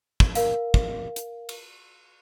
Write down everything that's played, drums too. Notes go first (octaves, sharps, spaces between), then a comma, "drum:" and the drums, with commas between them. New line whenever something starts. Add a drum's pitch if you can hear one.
drum: kick
A#4 F5, drum: hi-hat
drum: kick
drum: hi-hat
drum: cymbal